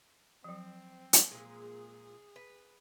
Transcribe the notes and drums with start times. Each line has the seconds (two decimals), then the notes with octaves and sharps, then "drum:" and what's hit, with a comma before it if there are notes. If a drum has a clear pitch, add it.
0.44 F3 F#3 C4
1.13 drum: hi-hat
1.32 A#2 G#3 G#4
2.36 B4